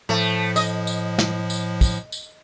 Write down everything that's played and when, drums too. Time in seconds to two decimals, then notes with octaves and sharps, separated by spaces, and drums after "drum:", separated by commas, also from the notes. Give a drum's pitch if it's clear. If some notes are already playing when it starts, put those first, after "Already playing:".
0.09 A2 F3 A3
0.56 D#5, drum: tambourine
0.87 drum: tambourine
1.18 drum: snare
1.50 drum: tambourine
1.81 drum: kick, tambourine
2.12 drum: tambourine